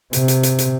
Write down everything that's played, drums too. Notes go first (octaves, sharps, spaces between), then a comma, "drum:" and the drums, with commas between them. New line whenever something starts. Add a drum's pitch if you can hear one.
C3, drum: hi-hat
drum: hi-hat
drum: hi-hat
drum: hi-hat